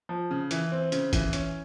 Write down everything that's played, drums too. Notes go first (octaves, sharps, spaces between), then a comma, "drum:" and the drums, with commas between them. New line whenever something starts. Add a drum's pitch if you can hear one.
F3
C#3
E3, drum: hi-hat
C4
C#3, drum: hi-hat
E3, drum: kick, hi-hat
C#4, drum: hi-hat